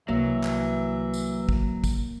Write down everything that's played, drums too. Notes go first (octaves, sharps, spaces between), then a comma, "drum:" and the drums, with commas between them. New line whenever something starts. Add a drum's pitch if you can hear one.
C2 E3 F#3 A#3 E5
drum: clap
drum: tambourine
drum: kick
drum: kick, tambourine